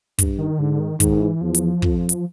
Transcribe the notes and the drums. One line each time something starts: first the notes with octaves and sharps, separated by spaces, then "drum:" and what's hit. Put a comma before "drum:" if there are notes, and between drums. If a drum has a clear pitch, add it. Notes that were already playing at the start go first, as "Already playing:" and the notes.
G2, drum: kick, hi-hat
D#3
G#2 D3
D#3
G#2 D#3, drum: kick, hi-hat
E3
E2 F3
drum: hi-hat
F2, drum: kick
drum: hi-hat